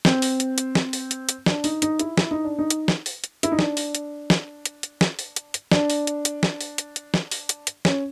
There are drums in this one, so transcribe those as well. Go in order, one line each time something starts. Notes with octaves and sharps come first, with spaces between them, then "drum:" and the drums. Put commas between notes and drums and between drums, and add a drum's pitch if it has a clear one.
C4, drum: snare
drum: open hi-hat
drum: hi-hat
drum: hi-hat
drum: snare
drum: open hi-hat
drum: hi-hat
drum: hi-hat
D4, drum: snare
D#4, drum: open hi-hat
D#4, drum: hi-hat
E4, drum: hi-hat
E4, drum: snare
D#4
D4
D#4
drum: hi-hat
drum: snare
drum: open hi-hat
drum: hi-hat
E4, drum: hi-hat
D#4
D4, drum: snare
drum: open hi-hat
drum: hi-hat
drum: snare
drum: hi-hat
drum: hi-hat
drum: snare
drum: open hi-hat
drum: hi-hat
drum: hi-hat
D4, drum: snare
drum: open hi-hat
drum: hi-hat
drum: hi-hat
drum: snare
drum: open hi-hat
drum: hi-hat
drum: hi-hat
drum: snare
drum: open hi-hat
drum: hi-hat
drum: hi-hat
C#4, drum: snare